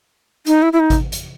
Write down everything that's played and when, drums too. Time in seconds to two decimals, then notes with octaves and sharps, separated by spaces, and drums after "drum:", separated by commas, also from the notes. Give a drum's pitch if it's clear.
0.46 D#4, drum: hi-hat
0.62 E4
0.73 E4
0.79 D#4
0.90 drum: kick G#1, hi-hat
1.12 drum: hi-hat